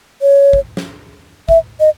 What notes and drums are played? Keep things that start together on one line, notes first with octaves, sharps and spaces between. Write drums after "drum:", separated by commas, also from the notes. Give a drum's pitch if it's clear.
C#5
drum: kick
drum: snare
E5, drum: kick
D#5